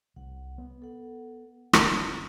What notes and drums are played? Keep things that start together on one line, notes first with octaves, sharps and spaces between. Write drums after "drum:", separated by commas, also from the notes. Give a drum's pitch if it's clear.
C2 F#5
B3
A4 F#5
G1 C#4, drum: rim click